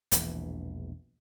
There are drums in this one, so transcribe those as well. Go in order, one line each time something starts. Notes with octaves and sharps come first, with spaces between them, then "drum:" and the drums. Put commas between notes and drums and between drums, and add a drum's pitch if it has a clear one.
E1 A#1 E2 E3, drum: hi-hat